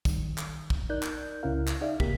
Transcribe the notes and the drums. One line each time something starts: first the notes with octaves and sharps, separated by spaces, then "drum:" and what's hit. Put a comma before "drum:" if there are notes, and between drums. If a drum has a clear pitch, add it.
D#3 G3, drum: kick, tambourine
drum: clap
drum: kick
D#4 A#4 D5 F#6 G6
drum: clap
C#2 C#3 C#4 E4 A#4 F5
drum: clap
D#4 G#4 D5 E5 F5
G1 C3 A#3 G4 A#4 B6, drum: kick